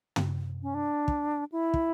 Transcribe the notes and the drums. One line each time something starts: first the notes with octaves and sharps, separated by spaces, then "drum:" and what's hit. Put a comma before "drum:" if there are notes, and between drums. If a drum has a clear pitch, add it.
drum: tom
C#4
D4
drum: kick
E4
drum: kick